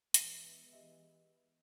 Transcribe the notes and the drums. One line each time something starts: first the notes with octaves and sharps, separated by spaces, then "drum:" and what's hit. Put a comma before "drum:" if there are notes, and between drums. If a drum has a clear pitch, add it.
E3 G#3 B3, drum: hi-hat
G4 D#5 E5